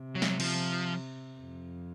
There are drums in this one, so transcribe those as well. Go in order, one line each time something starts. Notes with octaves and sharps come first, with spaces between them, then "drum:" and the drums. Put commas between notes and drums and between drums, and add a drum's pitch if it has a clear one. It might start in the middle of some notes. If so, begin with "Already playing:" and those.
Already playing: C3
F#3
G#3, drum: snare
F#3
F3, drum: cymbal
F2